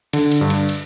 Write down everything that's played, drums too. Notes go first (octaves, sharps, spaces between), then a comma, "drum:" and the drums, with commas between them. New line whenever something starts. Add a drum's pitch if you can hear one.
D3, drum: cymbal
drum: cymbal
G2
drum: cymbal
drum: cymbal